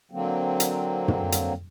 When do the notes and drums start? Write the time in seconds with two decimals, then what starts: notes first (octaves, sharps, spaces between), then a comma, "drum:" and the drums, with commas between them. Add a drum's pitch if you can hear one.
0.11 D3 F#3 A#3 C4
0.60 drum: hi-hat
1.08 drum: tom
1.32 drum: hi-hat